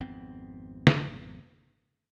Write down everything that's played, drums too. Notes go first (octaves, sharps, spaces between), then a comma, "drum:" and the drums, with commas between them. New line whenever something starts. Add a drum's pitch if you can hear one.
G#1 F2 B3 C4
drum: snare